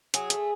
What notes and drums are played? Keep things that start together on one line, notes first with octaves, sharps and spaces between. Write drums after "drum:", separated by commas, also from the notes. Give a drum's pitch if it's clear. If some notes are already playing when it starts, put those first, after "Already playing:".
F#3 G#4, drum: hi-hat
A3, drum: hi-hat